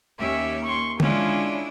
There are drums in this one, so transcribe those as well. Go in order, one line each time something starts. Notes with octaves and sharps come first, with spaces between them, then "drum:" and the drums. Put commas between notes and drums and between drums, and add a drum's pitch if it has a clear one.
D#2 C#4 G4 E5
C6 C#6
G#3 C#4 D4 E4 F4, drum: tom D3